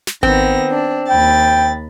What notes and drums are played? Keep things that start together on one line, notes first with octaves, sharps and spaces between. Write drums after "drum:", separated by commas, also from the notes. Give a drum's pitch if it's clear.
drum: snare
D#3 B3 C4 A#6, drum: kick G#1
D4
D#2 G5 B5 A6